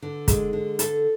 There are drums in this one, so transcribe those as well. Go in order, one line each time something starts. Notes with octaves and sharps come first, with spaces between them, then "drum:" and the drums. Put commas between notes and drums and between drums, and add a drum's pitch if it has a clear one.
D3
G#3, drum: kick, hi-hat
D3
A4, drum: hi-hat